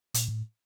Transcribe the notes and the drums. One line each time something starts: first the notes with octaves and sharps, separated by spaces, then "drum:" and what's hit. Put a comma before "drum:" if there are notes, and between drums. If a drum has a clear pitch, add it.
A#2, drum: hi-hat
A2